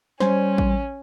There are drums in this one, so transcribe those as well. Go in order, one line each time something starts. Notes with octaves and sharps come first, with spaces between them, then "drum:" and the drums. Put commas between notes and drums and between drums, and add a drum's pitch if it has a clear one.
G3 C#4 C5 G#5, drum: snare
drum: kick A1